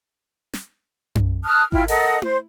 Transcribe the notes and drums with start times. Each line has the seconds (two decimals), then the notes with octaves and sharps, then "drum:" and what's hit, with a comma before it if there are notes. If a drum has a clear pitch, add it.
0.54 drum: snare
1.15 drum: tom F#2
1.45 A5 D#6 F6 F#6
1.72 E4 F4 G5 F6, drum: kick G#1
1.88 A4 A#4 D#5 F#5, drum: open hi-hat
2.22 C5, drum: tom E4